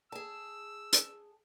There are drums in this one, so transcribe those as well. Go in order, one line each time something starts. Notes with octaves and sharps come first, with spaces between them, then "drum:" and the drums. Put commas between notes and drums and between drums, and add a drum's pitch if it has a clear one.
G#4 A5 E6
drum: hi-hat